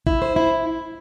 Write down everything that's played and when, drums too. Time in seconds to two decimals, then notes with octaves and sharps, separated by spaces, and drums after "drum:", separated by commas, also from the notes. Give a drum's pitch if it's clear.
0.07 E4, drum: kick
0.22 C5
0.36 E4